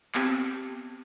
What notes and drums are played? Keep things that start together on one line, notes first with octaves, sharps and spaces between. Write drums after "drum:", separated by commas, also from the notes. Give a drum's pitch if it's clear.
B3 C4 G4, drum: clap